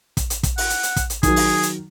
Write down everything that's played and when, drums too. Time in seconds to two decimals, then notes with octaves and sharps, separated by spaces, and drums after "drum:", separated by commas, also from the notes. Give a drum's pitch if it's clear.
0.17 drum: kick, hi-hat
0.30 drum: hi-hat
0.43 drum: kick, hi-hat
0.58 F#5, drum: open hi-hat
0.70 drum: hi-hat
0.83 drum: hi-hat
0.96 drum: kick, hi-hat
1.10 drum: hi-hat
1.23 D#3 F#3 G#4, drum: kick, hi-hat
1.36 drum: open hi-hat
1.63 drum: hi-hat